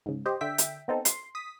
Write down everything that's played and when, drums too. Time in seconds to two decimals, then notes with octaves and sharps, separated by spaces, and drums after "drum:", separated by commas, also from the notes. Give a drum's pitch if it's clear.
0.06 G#2 C#3
0.26 G4 C5 D#5
0.41 D3 E5 G5 B6
0.58 drum: hi-hat
0.88 B3 C4 D#4 A4
1.05 C6, drum: hi-hat
1.35 D#6 B6